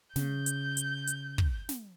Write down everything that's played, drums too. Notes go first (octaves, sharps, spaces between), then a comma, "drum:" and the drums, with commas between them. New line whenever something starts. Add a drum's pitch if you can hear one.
C#3 G6, drum: snare
drum: hi-hat
drum: hi-hat
drum: hi-hat
drum: kick
drum: snare